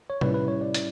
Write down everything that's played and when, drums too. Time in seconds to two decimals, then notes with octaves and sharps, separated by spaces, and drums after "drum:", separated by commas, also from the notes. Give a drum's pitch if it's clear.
0.10 C#5
0.21 A2 G3 C#4 E4 B4, drum: tom C3
0.34 B4
0.48 C#5
0.61 D5
0.74 drum: hi-hat